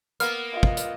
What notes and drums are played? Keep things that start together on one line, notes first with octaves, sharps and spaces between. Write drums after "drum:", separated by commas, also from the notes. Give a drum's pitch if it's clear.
A#3 B3 F6, drum: hi-hat
F4 D#5
drum: kick
drum: hi-hat